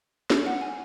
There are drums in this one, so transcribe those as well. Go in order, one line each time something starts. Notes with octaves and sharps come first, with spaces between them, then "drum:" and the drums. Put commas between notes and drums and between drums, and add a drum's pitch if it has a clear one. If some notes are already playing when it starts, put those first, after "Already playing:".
drum: snare
F#5
G#5